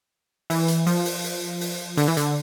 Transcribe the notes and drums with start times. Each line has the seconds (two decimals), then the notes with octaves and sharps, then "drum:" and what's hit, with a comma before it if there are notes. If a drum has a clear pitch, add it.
0.50 E3, drum: open hi-hat
0.68 drum: hi-hat
0.86 F3, drum: open hi-hat
1.05 drum: open hi-hat
1.24 drum: open hi-hat
1.61 drum: open hi-hat
1.97 D3, drum: open hi-hat
2.08 E3
2.17 D3, drum: hi-hat